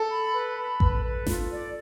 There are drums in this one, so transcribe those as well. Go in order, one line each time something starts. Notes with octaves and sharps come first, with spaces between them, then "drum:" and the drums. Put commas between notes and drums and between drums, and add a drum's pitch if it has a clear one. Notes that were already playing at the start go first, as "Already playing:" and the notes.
Already playing: A4
B5
B4
B5
B4, drum: kick A1
B4
F4, drum: snare G#1
D5